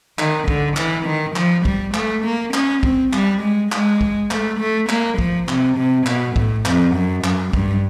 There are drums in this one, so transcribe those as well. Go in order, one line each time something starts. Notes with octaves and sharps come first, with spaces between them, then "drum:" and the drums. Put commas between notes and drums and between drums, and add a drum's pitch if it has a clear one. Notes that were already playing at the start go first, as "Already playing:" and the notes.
D#3, drum: clap
D3, drum: kick
E3, drum: clap
D#3
F3, drum: clap
G3, drum: kick
A3, drum: clap
A#3
C#4, drum: clap
C4, drum: kick
G3, drum: clap
G#3
G#3, drum: clap
drum: kick
A3, drum: clap
A3
A#3, drum: clap
F3, drum: kick
C3, drum: clap
C3
B2, drum: clap
A2, drum: kick
F2, drum: clap
F#2
F#2, drum: clap
G2, drum: kick